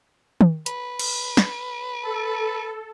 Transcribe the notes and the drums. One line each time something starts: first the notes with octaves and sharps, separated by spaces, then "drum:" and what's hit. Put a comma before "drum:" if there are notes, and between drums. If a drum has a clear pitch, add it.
drum: tom D#3
B4, drum: hi-hat
drum: cymbal
drum: snare
A4